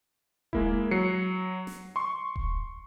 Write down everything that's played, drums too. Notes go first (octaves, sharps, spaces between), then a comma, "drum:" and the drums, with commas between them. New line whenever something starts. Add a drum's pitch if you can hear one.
G#3 A#3 E4, drum: kick D#1
F#3 C7 C#7
drum: snare
C6 C#6
drum: kick D#1